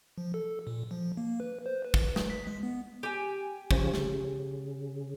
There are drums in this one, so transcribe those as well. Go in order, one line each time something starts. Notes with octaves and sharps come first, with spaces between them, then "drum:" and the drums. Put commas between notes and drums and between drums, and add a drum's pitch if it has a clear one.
F3
A4
A#2
F3
A#3
B4
C5
B4
drum: kick
drum: snare
B6
G#3
B3
G4 G#5
C#3 F3 C#4, drum: kick
C#3, drum: snare